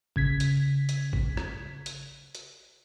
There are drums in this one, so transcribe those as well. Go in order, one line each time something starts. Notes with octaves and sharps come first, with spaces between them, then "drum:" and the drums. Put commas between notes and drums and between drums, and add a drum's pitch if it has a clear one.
C#3 G#6 B6, drum: kick G#1
drum: hi-hat
drum: hi-hat
drum: kick G#1
drum: rim click
drum: hi-hat
drum: hi-hat